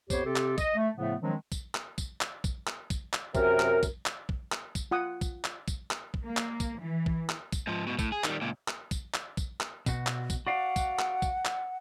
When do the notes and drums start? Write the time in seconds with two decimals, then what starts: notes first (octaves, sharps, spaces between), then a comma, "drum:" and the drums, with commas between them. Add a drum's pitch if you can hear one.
0.10 F2 B3 G4 C5 C#5, drum: kick, tambourine
0.25 C3 C4 G4 A4
0.36 drum: clap
0.58 D#5, drum: kick, tambourine
0.76 A3
0.97 A2 C#3 F3 A3 B3
1.21 D#3 F3 F#3 G#3 C4 D4
1.52 drum: kick, tambourine
1.75 drum: clap
1.98 drum: kick, tambourine
2.21 drum: clap
2.44 drum: kick, tambourine
2.67 drum: clap
2.90 drum: kick, tambourine
3.13 drum: clap
3.35 F#2 C3 A#4, drum: kick, tambourine
3.60 drum: clap
3.83 drum: kick, tambourine
4.06 drum: clap
4.29 drum: kick
4.52 drum: clap
4.75 drum: kick, tambourine
4.91 F4 F#5 D#6
5.21 drum: kick, tambourine
5.44 drum: clap
5.68 drum: kick, tambourine
5.91 drum: clap
6.14 drum: kick
6.25 A#3
6.37 drum: clap
6.60 drum: kick, tambourine
6.79 E3
7.06 drum: kick
7.29 drum: clap
7.52 drum: kick, tambourine
7.67 G#2 F3
7.87 G#2 B2
7.99 A2, drum: kick, tambourine
8.12 G#4
8.24 D#3 G3, drum: clap
8.41 C#2 A#2
8.68 drum: clap
8.91 drum: kick, tambourine
9.14 drum: clap
9.37 drum: kick, tambourine
9.60 drum: clap
9.86 B2 F#4, drum: kick, tambourine
10.07 drum: clap
10.30 drum: kick, tambourine
10.47 F#4 D5 F5 F#5
10.76 drum: kick, tambourine
10.99 drum: clap
11.22 drum: kick, tambourine
11.45 drum: clap